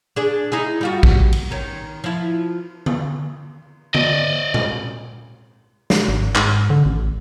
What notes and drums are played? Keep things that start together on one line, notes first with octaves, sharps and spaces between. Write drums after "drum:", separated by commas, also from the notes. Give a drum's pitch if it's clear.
D4 G#4
D#4 E4 G#4
G3 F4 F#4
drum: kick A1
drum: cymbal
D#3 C#4
F3 E4
drum: tom D3
D5 D#5, drum: tom D3
drum: tom A#2
drum: snare
G#1
G#2, drum: clap
D3
A1